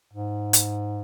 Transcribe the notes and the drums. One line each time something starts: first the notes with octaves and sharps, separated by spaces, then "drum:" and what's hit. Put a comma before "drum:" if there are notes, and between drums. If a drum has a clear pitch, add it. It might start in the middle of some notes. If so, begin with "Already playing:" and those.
G#2
drum: hi-hat